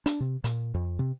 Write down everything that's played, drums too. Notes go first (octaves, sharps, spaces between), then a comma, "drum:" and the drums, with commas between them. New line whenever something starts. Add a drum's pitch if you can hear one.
D4, drum: hi-hat
C3
A#2, drum: hi-hat
F2
C3